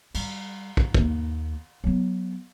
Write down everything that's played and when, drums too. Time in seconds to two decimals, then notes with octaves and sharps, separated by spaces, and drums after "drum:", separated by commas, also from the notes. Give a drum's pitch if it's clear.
0.14 G3, drum: cymbal
0.77 drum: kick
0.94 D#2 A#3, drum: kick
1.84 F#3 B3